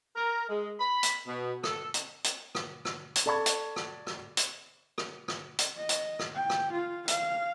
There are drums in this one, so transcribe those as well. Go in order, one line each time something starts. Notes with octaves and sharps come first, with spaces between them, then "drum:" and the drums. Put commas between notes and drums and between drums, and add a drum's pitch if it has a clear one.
A#4
G#3
B5
drum: hi-hat
B2
A4, drum: rim click
drum: hi-hat
drum: hi-hat
drum: rim click
drum: rim click
drum: hi-hat
A4 D5 A5 B5 C#6 G#6
drum: hi-hat
drum: rim click
drum: rim click
drum: hi-hat
drum: rim click
drum: rim click
drum: hi-hat
D#5
drum: hi-hat
drum: rim click
G5
drum: rim click
F4
F5, drum: hi-hat